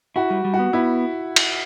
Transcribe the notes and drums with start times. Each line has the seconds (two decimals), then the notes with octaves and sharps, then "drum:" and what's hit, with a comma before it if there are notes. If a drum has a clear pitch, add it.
0.16 E4 F#4
0.30 G3
0.45 G3
0.54 F#4
0.59 B3
0.73 B3 E4
1.36 drum: cymbal